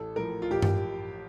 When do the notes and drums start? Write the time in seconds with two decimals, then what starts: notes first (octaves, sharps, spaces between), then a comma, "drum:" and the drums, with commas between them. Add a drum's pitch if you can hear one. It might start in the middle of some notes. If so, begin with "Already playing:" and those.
Already playing: A1 A4
0.16 A2 F3 A#4
0.42 F4
0.51 A1 G4
0.62 drum: tom G2